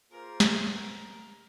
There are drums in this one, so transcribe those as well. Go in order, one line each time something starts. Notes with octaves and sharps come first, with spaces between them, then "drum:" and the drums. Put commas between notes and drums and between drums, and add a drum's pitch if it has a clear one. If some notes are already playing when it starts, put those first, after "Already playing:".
A#3 F4 G#4 A#4 C5
drum: snare
A#4